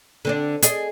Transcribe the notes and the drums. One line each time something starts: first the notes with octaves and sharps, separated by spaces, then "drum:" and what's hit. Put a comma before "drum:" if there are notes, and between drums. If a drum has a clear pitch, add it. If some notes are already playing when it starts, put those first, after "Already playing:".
D3 C4 D4
G#4 D5 D#5, drum: hi-hat